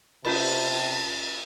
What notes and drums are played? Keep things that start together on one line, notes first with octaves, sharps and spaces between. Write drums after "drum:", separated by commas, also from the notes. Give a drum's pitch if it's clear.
C3 C#4 F4 A5 B5 A6, drum: cymbal